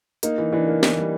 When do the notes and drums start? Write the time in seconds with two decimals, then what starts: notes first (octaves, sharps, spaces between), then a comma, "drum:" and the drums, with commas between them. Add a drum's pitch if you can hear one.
0.23 A#3 D#4, drum: hi-hat
0.38 E3
0.53 E3 D4
0.68 A#3
0.83 E3, drum: snare
0.98 G3